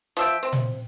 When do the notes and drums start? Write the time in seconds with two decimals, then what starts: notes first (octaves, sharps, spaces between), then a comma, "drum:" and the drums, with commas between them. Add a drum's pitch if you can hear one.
0.17 F3 E5 G5
0.43 C4
0.52 drum: tom A#2